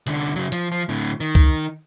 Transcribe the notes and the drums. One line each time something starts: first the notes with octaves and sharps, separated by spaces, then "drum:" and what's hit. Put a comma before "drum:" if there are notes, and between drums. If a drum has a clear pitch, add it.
C2 D3, drum: hi-hat
C#3 F#3
F3, drum: hi-hat
F3
A2 D3
D#3
drum: kick C#2